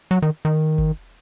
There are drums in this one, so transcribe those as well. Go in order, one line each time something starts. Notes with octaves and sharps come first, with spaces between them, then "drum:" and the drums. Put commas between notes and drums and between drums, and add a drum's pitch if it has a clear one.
F#3
D#3
D#3
drum: kick G1